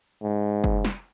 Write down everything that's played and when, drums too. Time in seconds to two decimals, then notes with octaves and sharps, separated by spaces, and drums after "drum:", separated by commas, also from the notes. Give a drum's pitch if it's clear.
0.22 G#2
0.64 drum: kick
0.85 drum: snare